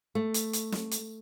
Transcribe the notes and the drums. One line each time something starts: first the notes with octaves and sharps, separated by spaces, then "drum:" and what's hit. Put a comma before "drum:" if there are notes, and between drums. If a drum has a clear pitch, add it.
A3
drum: hi-hat
drum: hi-hat
drum: snare
drum: hi-hat